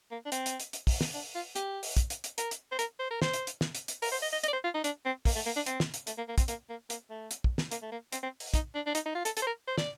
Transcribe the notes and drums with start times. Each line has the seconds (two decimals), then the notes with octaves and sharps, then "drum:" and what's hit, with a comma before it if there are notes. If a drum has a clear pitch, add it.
0.11 A#3
0.26 D4
0.32 C4, drum: hi-hat
0.46 drum: hi-hat
0.60 drum: hi-hat
0.73 drum: hi-hat
0.87 drum: kick, open hi-hat
1.01 drum: snare
1.14 D4
1.35 F4
1.56 G4, drum: hi-hat
1.83 drum: open hi-hat
1.97 drum: kick, hi-hat
2.10 drum: hi-hat
2.24 drum: hi-hat
2.38 A#4, drum: hi-hat
2.51 drum: hi-hat
2.72 C5
2.79 A#4, drum: hi-hat
2.99 C5
3.11 A#4
3.22 C5, drum: snare
3.33 drum: hi-hat
3.47 drum: hi-hat
3.61 drum: snare
3.75 drum: hi-hat
3.88 drum: hi-hat
4.02 A#4, drum: open hi-hat
4.12 C5
4.23 D#5
4.33 D#5
4.44 D#5, drum: hi-hat
4.48 D5
4.53 C5
4.64 F4
4.74 D#4
4.84 D4, drum: hi-hat
5.05 C4
5.25 A#3, drum: kick, open hi-hat
5.36 A3
5.46 A#3
5.56 D4
5.66 C4, drum: hi-hat
5.80 drum: snare
5.94 drum: hi-hat
6.07 A3, drum: hi-hat
6.18 A#3
6.28 A#3
6.38 C4, drum: kick, hi-hat
6.48 A#3, drum: hi-hat
6.69 A#3
6.90 A#3, drum: hi-hat
7.10 A3
7.31 drum: hi-hat
7.44 drum: kick
7.58 drum: snare
7.71 A#3, drum: hi-hat
7.82 A3
7.92 A#3
8.12 C4, drum: hi-hat
8.23 C4
8.40 drum: open hi-hat
8.54 D#4, drum: kick, hi-hat
8.75 D4
8.86 D4
8.95 D#4, drum: hi-hat
9.06 D#4
9.15 F4
9.25 A4, drum: hi-hat
9.37 A4, drum: hi-hat
9.42 C5
9.47 A#4
9.67 C5
9.78 D5, drum: snare